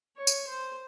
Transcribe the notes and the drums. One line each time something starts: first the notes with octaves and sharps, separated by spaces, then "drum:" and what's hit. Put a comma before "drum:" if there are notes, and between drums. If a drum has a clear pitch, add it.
C#5
drum: tambourine
C5